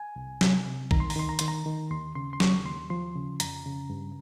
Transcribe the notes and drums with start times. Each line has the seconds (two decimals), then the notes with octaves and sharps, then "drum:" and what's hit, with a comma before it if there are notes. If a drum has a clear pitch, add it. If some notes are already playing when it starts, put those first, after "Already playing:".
Already playing: G#5
0.16 C2
0.41 C3, drum: snare
0.66 C3
0.91 D#3 A#5, drum: kick
1.00 C6
1.10 A#5, drum: open hi-hat
1.16 D#3 C6
1.29 A#5
1.39 D#3 C6, drum: hi-hat
1.48 A#5
1.66 D#3
1.91 D#2 C6
2.15 C#3 C6
2.33 C6
2.40 D#2 C#6, drum: snare
2.65 D#2 C6
2.90 F3 C6
3.15 C#3
3.40 F2 A#5, drum: hi-hat
3.66 C#3
3.90 G2